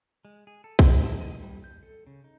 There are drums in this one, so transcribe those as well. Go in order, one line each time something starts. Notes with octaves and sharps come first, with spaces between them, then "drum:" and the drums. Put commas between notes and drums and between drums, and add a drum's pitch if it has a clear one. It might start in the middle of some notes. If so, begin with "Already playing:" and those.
G#3
G#4
A4
F4, drum: kick
A5
D#5
G3
G6
A4
C#3
D#4